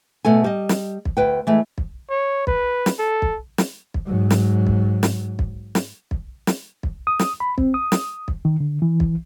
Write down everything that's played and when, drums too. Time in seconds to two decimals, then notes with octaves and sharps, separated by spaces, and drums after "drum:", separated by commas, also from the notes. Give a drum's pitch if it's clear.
0.25 B2 A3 A4 G#5
0.44 G3 D#5
0.69 drum: snare
1.05 drum: kick
1.17 D2 B4 G5
1.47 E3 G#3 A3
1.78 drum: kick
2.10 C#5
2.47 B4, drum: kick
2.86 drum: snare
2.99 A4
3.22 drum: kick
3.58 drum: snare
3.94 drum: kick
4.07 G#2 F#3
4.30 drum: snare
4.67 drum: kick
5.03 drum: snare
5.39 drum: kick
5.75 drum: snare
6.11 drum: kick
6.47 drum: snare
6.83 drum: kick
7.07 D#6
7.19 drum: snare
7.40 B5
7.58 C4, drum: kick
7.74 D#6
7.92 drum: snare
8.28 drum: kick
8.45 D#3
8.60 D3
8.82 E3
9.00 drum: kick